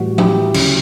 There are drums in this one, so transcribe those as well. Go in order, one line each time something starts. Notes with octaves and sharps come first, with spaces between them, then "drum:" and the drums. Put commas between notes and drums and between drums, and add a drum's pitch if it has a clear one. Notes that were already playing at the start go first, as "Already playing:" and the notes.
Already playing: A2 E3 G3 F#4
E4 G4, drum: tom F3
D2 C#3 F#3, drum: cymbal